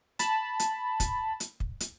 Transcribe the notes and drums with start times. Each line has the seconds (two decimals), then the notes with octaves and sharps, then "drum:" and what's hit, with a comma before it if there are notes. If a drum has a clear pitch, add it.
0.19 A5 B5, drum: hi-hat
0.60 drum: hi-hat
1.00 drum: kick, hi-hat
1.40 drum: hi-hat
1.60 drum: kick
1.80 drum: hi-hat